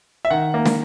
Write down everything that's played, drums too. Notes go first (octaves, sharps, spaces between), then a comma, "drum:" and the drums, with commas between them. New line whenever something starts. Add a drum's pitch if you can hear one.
E5
D#3 F#5
A#3
drum: snare